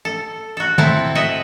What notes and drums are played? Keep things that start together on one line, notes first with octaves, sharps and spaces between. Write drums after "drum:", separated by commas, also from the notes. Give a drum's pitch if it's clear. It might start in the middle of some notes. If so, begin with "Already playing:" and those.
A4
F#4 A4
C4 E4 A4, drum: tom
F#4 A4 D#5 E5 F#5